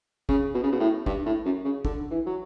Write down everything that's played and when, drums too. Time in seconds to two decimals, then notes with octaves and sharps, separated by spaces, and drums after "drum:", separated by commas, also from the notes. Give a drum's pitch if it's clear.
0.29 C#3, drum: kick
0.55 B2
0.63 C#3
0.72 B2
0.80 A2
1.06 G2, drum: kick
1.26 A2
1.45 F#2
1.65 C#3
1.85 D3, drum: kick
2.11 E3
2.27 F#3